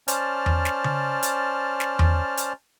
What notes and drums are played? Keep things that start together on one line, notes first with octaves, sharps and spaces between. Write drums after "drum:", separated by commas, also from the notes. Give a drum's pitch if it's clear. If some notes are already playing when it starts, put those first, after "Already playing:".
C#4 C5 D5 A5 F6, drum: hi-hat
drum: tom E2
drum: snare
drum: tom C#3
drum: hi-hat
drum: snare
drum: tom E2
drum: hi-hat